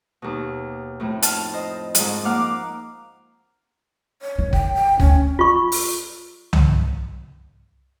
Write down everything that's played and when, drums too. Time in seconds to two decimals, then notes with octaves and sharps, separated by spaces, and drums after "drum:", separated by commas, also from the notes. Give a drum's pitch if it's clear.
0.22 D#2 B2
1.00 F2 A2
1.22 A5 F6, drum: hi-hat
1.53 C5 D#5
1.95 G#2 F3, drum: hi-hat
2.25 A#3 F5 F#5 D6
4.22 C#5
4.38 D#3
4.53 G5, drum: kick
4.74 G5
5.00 D2 C#4, drum: kick
5.39 F4 C#6
5.72 drum: open hi-hat
6.53 drum: tom C2